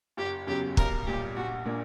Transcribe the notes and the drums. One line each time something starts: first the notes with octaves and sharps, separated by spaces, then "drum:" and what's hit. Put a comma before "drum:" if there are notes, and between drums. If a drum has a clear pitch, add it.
F#1 G4
E2 C#3 F#3 G4
B1 A#4, drum: kick
A#2 G3 G4
A#1 F#4
A#2 A#3 D4